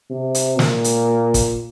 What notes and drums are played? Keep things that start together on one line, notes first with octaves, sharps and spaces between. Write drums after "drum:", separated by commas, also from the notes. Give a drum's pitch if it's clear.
C3
drum: hi-hat
A#2, drum: snare
drum: hi-hat
drum: kick, hi-hat